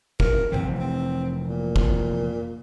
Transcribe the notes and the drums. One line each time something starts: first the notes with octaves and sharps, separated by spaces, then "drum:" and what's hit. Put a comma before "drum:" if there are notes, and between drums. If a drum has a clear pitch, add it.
A#4, drum: kick
F1 C2 E3 C4
C4
A#2
drum: kick